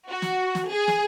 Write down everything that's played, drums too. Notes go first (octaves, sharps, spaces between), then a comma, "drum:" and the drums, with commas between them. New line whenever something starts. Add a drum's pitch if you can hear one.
F#4
drum: snare
drum: snare
G#4
drum: snare